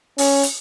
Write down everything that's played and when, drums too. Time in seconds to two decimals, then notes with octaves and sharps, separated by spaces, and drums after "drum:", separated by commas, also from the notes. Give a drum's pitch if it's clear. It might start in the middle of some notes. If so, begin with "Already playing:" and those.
0.18 C#4, drum: open hi-hat
0.43 drum: hi-hat